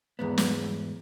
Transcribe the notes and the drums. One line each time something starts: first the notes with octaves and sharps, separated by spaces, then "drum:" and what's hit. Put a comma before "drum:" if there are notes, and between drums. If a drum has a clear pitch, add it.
E2 G#2 B3
drum: snare